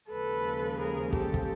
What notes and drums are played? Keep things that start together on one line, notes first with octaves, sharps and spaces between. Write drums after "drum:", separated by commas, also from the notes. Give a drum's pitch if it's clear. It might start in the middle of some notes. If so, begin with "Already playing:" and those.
D#2 C#3 F3 G#3 A4 B4
G#4 A#4
G4 A4, drum: kick
drum: kick